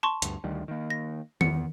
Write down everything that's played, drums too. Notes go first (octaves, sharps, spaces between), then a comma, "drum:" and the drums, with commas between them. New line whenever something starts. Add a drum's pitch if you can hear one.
A5 C6 C#6
D2 G2, drum: hi-hat
D2 D#3 G3
D#3 A#3
A#6
E2 B3 C#7, drum: tom D#3